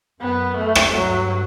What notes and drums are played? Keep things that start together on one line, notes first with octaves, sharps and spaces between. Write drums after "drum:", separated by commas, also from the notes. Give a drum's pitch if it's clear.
F#2 B3
A3
drum: rim click
G2 F#3